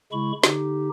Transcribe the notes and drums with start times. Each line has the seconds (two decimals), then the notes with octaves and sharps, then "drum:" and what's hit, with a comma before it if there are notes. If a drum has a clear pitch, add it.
0.12 C#3 G#3 E4 B5 C#6
0.44 D3 D#4 G4, drum: snare